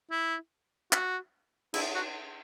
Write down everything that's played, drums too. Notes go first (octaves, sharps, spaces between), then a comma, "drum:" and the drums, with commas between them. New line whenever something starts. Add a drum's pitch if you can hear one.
E4
F#4, drum: clap
E4, drum: cymbal
F#4